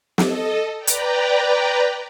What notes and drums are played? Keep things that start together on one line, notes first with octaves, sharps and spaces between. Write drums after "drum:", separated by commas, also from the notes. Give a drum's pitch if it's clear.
A4 D#5, drum: snare
B4 D5 G5 A#5
drum: hi-hat